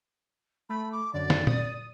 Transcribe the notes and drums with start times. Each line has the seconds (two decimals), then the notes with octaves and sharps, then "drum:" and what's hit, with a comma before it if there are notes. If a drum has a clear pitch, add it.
0.69 A3 B5
0.92 D6
1.13 F#2 D3 D5
1.30 drum: snare
1.47 D#6, drum: tom A#2